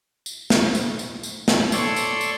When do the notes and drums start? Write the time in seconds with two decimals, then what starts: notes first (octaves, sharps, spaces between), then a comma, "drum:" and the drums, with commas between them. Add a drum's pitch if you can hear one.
0.26 drum: tambourine
0.50 drum: snare
0.75 drum: tambourine
0.99 drum: tambourine
1.23 drum: tambourine
1.48 drum: snare
1.72 A4 C#5 D5 C6 E6 G#6, drum: tambourine
1.96 drum: tambourine
2.21 drum: tambourine